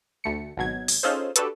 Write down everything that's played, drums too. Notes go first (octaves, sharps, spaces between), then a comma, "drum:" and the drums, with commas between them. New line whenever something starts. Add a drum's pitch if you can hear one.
D2 A3 C#7
G#1 B2 F#3 G#6
drum: open hi-hat
C#4 D#4 F4 G#4 A4 C5
D4 F#4 G4 A4 B4, drum: hi-hat